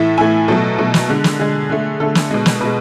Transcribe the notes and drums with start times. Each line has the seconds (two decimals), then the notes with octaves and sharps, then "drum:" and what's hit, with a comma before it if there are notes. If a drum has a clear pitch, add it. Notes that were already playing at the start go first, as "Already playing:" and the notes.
Already playing: A2 E3 A3 E5
0.18 A2 E3 A3 G#5
0.48 B2 F#3 A3 A4
0.78 B2 F#3 A3
0.94 drum: snare
1.09 D3 G#3
1.24 drum: snare
1.39 D3 G#3 G#4
1.69 D3 A3
2.00 D3 A3 A4
2.15 drum: snare
2.31 B2 G#3
2.46 drum: snare
2.61 B2 G#3 B4